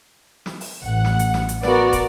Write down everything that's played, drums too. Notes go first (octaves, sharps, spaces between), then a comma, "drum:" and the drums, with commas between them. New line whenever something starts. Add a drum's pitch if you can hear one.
drum: snare
drum: open hi-hat
A1 F#5
drum: snare
drum: hi-hat
drum: snare
drum: hi-hat
B3 F#4 A#4 D5, drum: snare
drum: kick, hi-hat